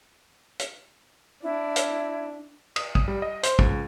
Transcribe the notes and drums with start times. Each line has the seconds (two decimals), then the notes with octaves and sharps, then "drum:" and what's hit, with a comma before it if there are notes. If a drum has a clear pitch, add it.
0.59 drum: hi-hat
1.43 D4 E4
1.76 drum: hi-hat
2.76 D#6, drum: cymbal
2.95 D#6, drum: kick
3.08 G3
3.22 D#5
3.43 C5, drum: hi-hat
3.59 C#2, drum: kick